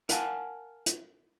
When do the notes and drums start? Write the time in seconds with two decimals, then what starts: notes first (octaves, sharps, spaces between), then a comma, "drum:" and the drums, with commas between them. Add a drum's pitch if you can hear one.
0.09 A#4 F5 F#5 G#5 A5, drum: hi-hat
0.86 drum: hi-hat